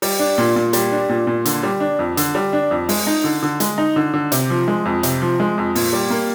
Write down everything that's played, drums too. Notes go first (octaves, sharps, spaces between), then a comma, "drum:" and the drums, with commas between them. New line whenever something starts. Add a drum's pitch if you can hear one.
G3, drum: open hi-hat
D4
A#2
A#2
G3, drum: hi-hat
D4
A#2
A#2
D3, drum: hi-hat
G3
D4
F2
D3, drum: hi-hat
G3
D4
F2
G#3, drum: open hi-hat
D#4
D3
D3
G#3, drum: hi-hat
D#4
D3
D3
C3, drum: hi-hat
F3
G#3
F2
C3, drum: hi-hat
F3
G#3
F2
A#2, drum: open hi-hat
G3
A#3